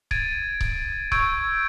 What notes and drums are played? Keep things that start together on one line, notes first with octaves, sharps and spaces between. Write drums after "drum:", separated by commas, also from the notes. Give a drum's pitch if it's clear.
G#6 A6 D7 D#7, drum: kick C#1
drum: kick C#1
C#6 E6 G6 G#6 D7, drum: kick C#1